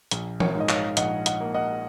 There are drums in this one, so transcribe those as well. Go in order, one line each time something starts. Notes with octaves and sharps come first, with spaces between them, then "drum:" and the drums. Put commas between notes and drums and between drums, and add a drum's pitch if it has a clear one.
A#1, drum: hi-hat
A#4 C#5, drum: tom E3
G#2
D#5
C#5 F5, drum: clap
A#1 D#5 F#5, drum: hi-hat
D#5 F#5, drum: hi-hat
A#3
D#5 F#5